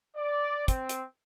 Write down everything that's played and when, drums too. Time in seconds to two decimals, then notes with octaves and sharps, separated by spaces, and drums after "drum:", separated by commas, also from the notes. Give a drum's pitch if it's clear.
0.17 D5
0.68 C4, drum: kick, hi-hat
0.89 drum: hi-hat